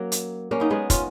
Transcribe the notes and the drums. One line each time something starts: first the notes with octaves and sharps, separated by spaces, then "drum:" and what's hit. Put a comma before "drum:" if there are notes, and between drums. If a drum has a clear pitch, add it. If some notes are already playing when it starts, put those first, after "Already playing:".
Already playing: F#3 A#3 C#4
drum: hi-hat
A#3 C#4
B3 D#4
G#3 B3
C#4 F4, drum: kick, hi-hat